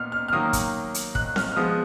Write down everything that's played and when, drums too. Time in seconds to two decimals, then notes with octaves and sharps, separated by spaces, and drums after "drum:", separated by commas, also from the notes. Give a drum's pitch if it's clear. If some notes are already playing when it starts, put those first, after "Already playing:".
Already playing: A#2 B3 F6
0.12 F6
0.28 F6
0.32 D#3 F#3 A#3 D#6
0.53 drum: kick, hi-hat
0.94 drum: hi-hat
1.15 F#6, drum: kick
1.36 F6, drum: snare C4
1.52 F6
1.56 F3 G#3 B3 D#6